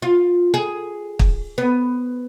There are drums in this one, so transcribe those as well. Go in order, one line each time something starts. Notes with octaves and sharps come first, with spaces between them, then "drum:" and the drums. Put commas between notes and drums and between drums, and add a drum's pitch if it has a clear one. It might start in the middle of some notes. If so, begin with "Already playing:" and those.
F4
G#4
drum: kick
B3